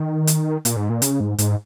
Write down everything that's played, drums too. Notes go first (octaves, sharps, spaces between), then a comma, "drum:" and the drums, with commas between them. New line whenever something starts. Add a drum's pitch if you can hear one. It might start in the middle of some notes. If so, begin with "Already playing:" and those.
Already playing: D#3
drum: hi-hat
A#2, drum: hi-hat
G#2
A#2
C#3, drum: hi-hat
G#2
G#2, drum: hi-hat